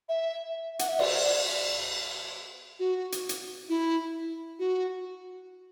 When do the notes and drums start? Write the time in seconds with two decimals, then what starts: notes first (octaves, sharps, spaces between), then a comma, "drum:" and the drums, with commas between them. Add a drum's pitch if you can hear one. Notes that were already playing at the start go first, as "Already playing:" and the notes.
0.09 E5
0.79 F#5, drum: hi-hat
0.89 E5
0.99 D5, drum: cymbal
2.79 F#4
3.12 drum: hi-hat
3.29 drum: hi-hat
3.69 E4
4.59 F#4